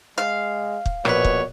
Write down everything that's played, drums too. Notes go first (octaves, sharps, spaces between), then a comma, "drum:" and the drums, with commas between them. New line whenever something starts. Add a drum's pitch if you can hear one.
G#3 F5
drum: kick
A#1 B2 B4 C#5, drum: rim click
drum: kick